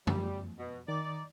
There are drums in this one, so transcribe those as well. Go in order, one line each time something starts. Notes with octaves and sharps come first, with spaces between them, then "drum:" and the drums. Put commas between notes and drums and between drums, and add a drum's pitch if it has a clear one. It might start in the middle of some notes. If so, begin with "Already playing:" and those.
G3, drum: tom
B2
D#3 D#4 D5